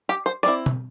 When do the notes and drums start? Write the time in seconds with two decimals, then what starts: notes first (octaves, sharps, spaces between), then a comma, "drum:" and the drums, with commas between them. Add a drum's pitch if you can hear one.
0.09 G4
0.26 C5
0.43 G3 C4 E4 D5
0.66 drum: tom B2